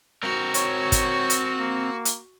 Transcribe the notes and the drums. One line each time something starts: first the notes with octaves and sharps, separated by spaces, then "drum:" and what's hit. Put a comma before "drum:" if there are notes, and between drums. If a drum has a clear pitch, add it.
C4 F#4 A#4
C#5, drum: hi-hat
drum: kick, hi-hat
drum: hi-hat
A#3
drum: hi-hat